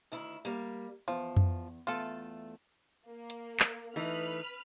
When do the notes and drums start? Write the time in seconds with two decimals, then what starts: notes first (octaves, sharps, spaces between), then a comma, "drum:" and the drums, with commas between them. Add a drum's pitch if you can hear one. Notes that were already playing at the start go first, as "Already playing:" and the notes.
0.12 D2 D#3 E4
0.45 G3 A#3
1.08 E2 F3
1.37 drum: tom F2
1.87 E2 A3 F4 A4
3.08 A#3
3.30 drum: hi-hat
3.60 drum: clap
3.96 E3 A3 D#4 B4 B5 F6